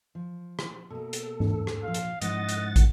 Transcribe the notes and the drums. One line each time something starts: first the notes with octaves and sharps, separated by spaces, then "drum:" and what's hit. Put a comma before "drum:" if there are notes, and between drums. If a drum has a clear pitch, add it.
F3
drum: rim click
B2 A#3 A4
drum: hi-hat
drum: tom G#2
drum: rim click
A#2 F3 F5
drum: hi-hat
G#2 F3 C#4 E4 D#5 F#5 A6, drum: hi-hat
drum: hi-hat
drum: kick, hi-hat